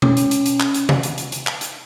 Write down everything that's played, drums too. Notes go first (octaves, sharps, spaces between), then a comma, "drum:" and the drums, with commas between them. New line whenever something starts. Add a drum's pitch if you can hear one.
C#4, drum: tom B2
drum: hi-hat
drum: hi-hat
drum: hi-hat
drum: clap
drum: hi-hat
drum: tom C3
drum: hi-hat
drum: hi-hat
drum: hi-hat
drum: clap
drum: hi-hat